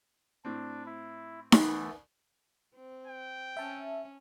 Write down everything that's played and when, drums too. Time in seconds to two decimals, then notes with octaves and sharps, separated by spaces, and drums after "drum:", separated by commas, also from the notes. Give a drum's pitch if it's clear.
0.45 A2 C4 D4
0.86 E4
1.52 E3 A3 B3, drum: snare D#4
2.75 C4
3.07 G5
3.57 C#4 E5 A5